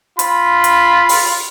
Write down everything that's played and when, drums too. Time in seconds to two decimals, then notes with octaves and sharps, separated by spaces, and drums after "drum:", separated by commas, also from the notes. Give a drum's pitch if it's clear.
0.19 F4 B5, drum: hi-hat
0.64 drum: hi-hat
1.09 drum: open hi-hat